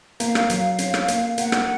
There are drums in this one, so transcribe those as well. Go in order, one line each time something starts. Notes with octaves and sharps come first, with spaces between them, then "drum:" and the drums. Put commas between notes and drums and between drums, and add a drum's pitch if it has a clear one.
A#3 F5, drum: hi-hat
drum: rim click
F#3, drum: hi-hat
C#4, drum: hi-hat
drum: rim click
A#3, drum: hi-hat
A#3 F#5, drum: hi-hat
drum: rim click